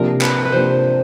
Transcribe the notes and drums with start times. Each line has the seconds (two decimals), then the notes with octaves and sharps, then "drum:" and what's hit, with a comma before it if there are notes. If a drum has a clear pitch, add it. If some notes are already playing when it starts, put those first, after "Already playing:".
Already playing: C3 F3 A#3 D4 A#4
0.21 B4, drum: clap
0.45 B4
0.52 C3 F3 A#3 D4 C5